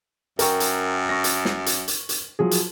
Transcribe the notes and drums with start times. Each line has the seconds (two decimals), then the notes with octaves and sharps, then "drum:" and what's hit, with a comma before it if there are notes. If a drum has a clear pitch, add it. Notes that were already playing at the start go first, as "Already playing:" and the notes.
0.39 F#2 A#4 G5 C#6, drum: hi-hat
0.60 drum: hi-hat
1.09 C#6 A#6
1.24 drum: hi-hat
1.45 drum: snare
1.66 drum: hi-hat
1.88 drum: hi-hat
2.09 drum: hi-hat
2.39 F3 F#3 G#4
2.51 drum: hi-hat